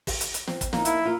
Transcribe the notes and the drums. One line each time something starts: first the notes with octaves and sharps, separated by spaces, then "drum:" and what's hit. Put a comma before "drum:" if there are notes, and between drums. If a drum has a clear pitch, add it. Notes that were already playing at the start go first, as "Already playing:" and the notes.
drum: kick, open hi-hat
drum: hi-hat
drum: hi-hat
C4, drum: snare
drum: kick, hi-hat
A#3 D#4, drum: snare
E4, drum: hi-hat
A#3 F4